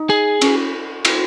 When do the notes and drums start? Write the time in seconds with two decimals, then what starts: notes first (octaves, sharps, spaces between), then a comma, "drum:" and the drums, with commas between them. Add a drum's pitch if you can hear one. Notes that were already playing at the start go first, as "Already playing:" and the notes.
Already playing: D#4
0.10 G#4
0.41 C#4, drum: cymbal
1.05 drum: cymbal